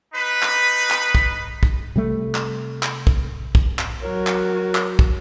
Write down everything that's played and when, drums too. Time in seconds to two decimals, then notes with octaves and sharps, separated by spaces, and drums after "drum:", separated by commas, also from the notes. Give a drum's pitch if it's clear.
0.14 D#4 B4
0.43 drum: clap
0.91 drum: clap
1.15 drum: kick
1.63 drum: kick
1.96 C3 G3 A3
2.35 drum: clap
2.83 drum: clap
3.07 drum: kick
3.55 drum: kick
3.79 drum: clap
4.03 F#3 F#4 A#4 C#5
4.27 drum: clap
4.75 drum: clap
4.99 drum: kick